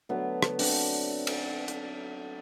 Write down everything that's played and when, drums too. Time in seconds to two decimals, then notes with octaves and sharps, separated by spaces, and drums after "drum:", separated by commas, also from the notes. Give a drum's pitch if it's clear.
0.09 D3 F#3 A3 B3
0.42 drum: rim click
0.59 C4 D4, drum: open hi-hat
1.27 drum: cymbal
1.68 drum: hi-hat